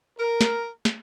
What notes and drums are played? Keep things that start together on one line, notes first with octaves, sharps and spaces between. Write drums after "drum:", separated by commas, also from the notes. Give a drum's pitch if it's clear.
A#4
drum: snare
drum: snare